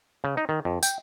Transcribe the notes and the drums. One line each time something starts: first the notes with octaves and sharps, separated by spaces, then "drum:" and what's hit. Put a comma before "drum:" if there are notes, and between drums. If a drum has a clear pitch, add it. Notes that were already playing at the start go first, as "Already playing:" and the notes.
C#3
D#4
D#3
F2
G5, drum: tambourine